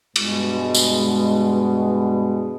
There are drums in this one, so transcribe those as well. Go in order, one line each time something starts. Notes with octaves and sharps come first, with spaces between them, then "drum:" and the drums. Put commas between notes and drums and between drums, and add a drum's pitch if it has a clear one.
G2 B2 G#3, drum: cymbal
drum: tambourine